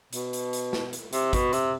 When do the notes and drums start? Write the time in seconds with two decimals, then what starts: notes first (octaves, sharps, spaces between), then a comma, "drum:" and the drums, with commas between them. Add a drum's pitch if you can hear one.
0.13 B2, drum: hi-hat
0.33 drum: hi-hat
0.53 drum: hi-hat
0.73 drum: snare
0.93 drum: hi-hat
1.13 C3, drum: hi-hat
1.33 B2, drum: kick, hi-hat
1.53 C3, drum: hi-hat